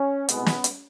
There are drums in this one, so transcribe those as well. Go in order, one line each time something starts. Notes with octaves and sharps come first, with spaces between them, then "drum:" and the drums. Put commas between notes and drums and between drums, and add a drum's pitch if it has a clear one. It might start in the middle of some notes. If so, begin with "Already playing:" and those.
Already playing: C#4
C2 B2 G#3 B3, drum: hi-hat
drum: snare
drum: hi-hat